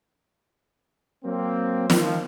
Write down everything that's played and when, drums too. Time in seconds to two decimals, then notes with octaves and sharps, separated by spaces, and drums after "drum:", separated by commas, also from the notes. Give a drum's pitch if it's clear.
1.25 F#3 A#3 C4
1.90 D#3 F3, drum: snare